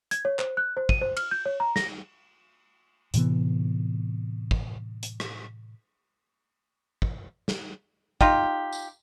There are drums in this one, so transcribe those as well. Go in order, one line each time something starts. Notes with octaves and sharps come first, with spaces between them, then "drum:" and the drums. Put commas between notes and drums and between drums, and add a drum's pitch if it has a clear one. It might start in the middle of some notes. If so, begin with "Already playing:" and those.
G#6, drum: hi-hat
C#5
C5, drum: clap
F#6
C5
D#7, drum: kick
C5
F6, drum: cymbal
G6
C#5
A#5
A#6, drum: snare
A2 C3 E3 B3, drum: hi-hat
drum: kick
drum: hi-hat
drum: rim click
drum: kick
drum: snare
D#4 F4 G4, drum: kick
drum: tambourine